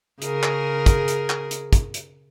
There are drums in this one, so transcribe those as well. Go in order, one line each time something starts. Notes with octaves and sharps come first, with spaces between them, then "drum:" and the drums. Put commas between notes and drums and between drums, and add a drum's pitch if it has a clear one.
C#3 G#4 A#4, drum: hi-hat
drum: clap
drum: kick, hi-hat
drum: hi-hat
drum: clap
drum: hi-hat
drum: kick, hi-hat
drum: hi-hat